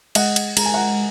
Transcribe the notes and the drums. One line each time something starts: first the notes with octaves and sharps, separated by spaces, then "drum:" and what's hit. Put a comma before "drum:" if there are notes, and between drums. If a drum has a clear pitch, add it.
G#3 D#5 F#5, drum: cymbal
drum: cymbal
G#3 A#5, drum: cymbal
G#5
F#5 A#5